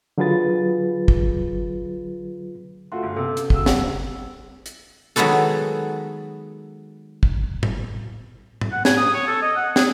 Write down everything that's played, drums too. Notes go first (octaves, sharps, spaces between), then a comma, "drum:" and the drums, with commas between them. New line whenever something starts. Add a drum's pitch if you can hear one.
D3 F#3 F4 G#4 B4 A6
drum: kick
A3 F4 F#4 F5 C6
G1
C3 B3 C#4 A4
drum: hi-hat
C#3 F#4 E6, drum: kick
G3 F#5, drum: snare
drum: hi-hat
D#3 F#3 G#3 B3 F#4 A4
drum: kick
drum: tom A2
drum: tom A2
F#5
G#5, drum: snare
D#6
C#5
A4
D#5
F#5
G#4, drum: snare